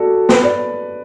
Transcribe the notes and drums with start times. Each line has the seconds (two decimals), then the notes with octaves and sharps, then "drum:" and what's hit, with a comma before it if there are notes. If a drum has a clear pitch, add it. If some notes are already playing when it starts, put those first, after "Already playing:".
Already playing: F#4 A4 D5
0.29 B4, drum: snare
0.44 D5